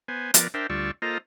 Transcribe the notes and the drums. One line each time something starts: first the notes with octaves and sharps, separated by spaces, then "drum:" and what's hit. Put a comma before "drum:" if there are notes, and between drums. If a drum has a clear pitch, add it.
B3 C5 G#5
F3 B3 A#4 D5, drum: hi-hat
D4 A#4 C5 E5 G5
D2 G3 F4 D5 C#6 E6
A#3 F4 A4 C5 D#5 A#5